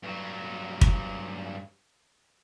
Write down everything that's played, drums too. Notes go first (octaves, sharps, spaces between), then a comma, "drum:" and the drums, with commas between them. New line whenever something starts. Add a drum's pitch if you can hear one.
G2 F#3
drum: kick